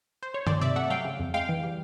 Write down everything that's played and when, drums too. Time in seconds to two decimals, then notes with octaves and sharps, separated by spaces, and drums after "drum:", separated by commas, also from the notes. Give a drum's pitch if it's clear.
0.23 C5
0.34 C#5
0.47 D#3 C5 D5, drum: tom G2
0.61 C3 D5 E5
0.76 A3 E5 F#5
0.90 F#3 F5 G5
1.05 C#3
1.19 F2
1.34 G#3 F5 G5
1.49 E3
1.63 G3